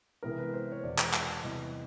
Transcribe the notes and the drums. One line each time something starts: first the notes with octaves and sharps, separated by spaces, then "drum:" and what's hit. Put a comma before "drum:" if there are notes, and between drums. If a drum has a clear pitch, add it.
C3 E3 G#3 B3 A#4
B4
C5
C#5
E2 B2 G#3 D5
drum: clap
drum: clap
E2 C3 E3 G3 B3 D#5